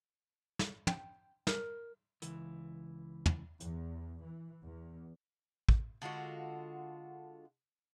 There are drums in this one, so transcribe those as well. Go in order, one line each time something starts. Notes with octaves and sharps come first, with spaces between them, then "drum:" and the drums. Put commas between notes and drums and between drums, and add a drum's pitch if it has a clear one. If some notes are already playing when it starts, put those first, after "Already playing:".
drum: snare
G5, drum: tom
A#4, drum: snare
C#2 E3, drum: hi-hat
drum: tom
E2, drum: hi-hat
E3
E2
drum: kick
D3 G#3 F4 F#4